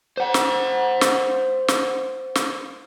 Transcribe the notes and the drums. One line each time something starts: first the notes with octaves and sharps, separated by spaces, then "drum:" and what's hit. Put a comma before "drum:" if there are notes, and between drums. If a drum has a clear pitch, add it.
C5 F#5
drum: snare
drum: snare
drum: snare
drum: snare